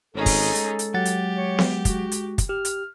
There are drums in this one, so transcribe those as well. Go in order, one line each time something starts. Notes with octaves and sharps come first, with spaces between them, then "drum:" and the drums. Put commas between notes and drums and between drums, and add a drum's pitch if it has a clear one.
G#1 C#4 D#4 G#4 A4
drum: kick, open hi-hat
G#3, drum: hi-hat
drum: hi-hat
F#3 G4 F#5 A6
drum: hi-hat
C#5
drum: snare B3
F#4, drum: kick, hi-hat
drum: hi-hat
drum: kick, hi-hat
G4 F6
drum: hi-hat